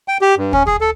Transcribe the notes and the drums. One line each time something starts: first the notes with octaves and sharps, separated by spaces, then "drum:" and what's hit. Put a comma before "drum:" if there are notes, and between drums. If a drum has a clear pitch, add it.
G5
G4
G2
C#4, drum: kick
G#4, drum: kick
A4